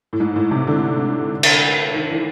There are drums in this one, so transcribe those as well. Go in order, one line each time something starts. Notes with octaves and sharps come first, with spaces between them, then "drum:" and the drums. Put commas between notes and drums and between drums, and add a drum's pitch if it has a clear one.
A2
G#2
A2
C3
D3
drum: cymbal
D#3
E3